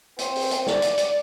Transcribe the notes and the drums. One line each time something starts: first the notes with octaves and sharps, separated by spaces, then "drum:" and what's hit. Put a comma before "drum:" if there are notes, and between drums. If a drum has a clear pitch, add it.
C4, drum: hi-hat
drum: open hi-hat
drum: hi-hat
D5, drum: snare
drum: hi-hat
drum: hi-hat